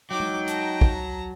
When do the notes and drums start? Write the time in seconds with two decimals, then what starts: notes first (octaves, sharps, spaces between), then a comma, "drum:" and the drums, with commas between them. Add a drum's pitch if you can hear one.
0.11 F#3 D#4 G5 D6
0.20 drum: tom G#3
0.48 A5 A#5, drum: hi-hat
0.81 drum: kick